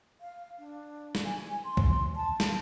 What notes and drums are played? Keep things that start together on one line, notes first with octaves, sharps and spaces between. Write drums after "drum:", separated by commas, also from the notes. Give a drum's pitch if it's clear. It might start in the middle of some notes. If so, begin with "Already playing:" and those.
F5
D4
drum: snare
G#5
C6
drum: kick
A5
drum: snare